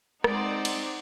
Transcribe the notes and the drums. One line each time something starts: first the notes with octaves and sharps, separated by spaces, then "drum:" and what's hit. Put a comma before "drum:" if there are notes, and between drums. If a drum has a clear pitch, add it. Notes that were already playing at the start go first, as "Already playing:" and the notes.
G#3 C4 D#4 C5 D5 F#5, drum: rim click
drum: cymbal